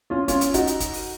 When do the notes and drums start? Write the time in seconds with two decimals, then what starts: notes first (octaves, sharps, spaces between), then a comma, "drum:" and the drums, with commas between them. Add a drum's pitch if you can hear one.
0.10 C#4 F4
0.28 C#4 F4, drum: kick, hi-hat
0.41 drum: hi-hat
0.54 D#4 F#4, drum: kick, hi-hat
0.67 drum: hi-hat
0.80 drum: kick, hi-hat
0.93 drum: open hi-hat